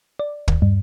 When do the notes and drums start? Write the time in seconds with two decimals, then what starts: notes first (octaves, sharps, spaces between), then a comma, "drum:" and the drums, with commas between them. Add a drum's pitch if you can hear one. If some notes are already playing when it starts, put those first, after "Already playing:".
0.19 D5
0.48 D#2, drum: kick
0.62 G2